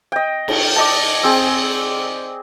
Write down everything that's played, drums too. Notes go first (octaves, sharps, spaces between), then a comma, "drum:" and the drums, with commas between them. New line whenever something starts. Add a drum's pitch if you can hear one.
D#5 G5
drum: cymbal
D5 D#5 A5
C4 G#4